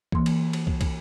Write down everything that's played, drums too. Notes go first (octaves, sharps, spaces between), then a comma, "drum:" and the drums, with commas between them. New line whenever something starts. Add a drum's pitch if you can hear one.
E3 A#3 C6, drum: kick
drum: cymbal
drum: cymbal
drum: kick
drum: kick, cymbal